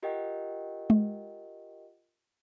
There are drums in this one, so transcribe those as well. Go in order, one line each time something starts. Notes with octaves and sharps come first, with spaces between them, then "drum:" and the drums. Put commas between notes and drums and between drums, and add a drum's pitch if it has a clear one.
F4 G4 A#4 D#5 F#5 G5
drum: tom G#3